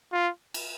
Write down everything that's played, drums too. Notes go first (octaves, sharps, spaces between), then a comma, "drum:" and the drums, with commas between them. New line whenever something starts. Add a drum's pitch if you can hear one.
F4
drum: cymbal